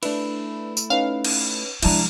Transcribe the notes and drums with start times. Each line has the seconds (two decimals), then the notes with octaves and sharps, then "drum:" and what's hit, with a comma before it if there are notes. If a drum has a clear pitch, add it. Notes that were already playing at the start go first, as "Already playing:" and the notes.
0.03 A3 D4 E4 B4, drum: cymbal
0.77 drum: tambourine
0.90 C#4 D#4 B4 F5
1.25 drum: cymbal
1.83 C2 F3 G#3 D4 E4 A5 A#5, drum: cymbal